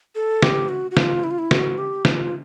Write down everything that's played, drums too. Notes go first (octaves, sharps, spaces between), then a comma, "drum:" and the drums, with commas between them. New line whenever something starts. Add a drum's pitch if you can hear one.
A4
G4, drum: snare
F#4
F#4
F4, drum: snare
E4
F4
E4
F#4, drum: snare
G4
F4, drum: snare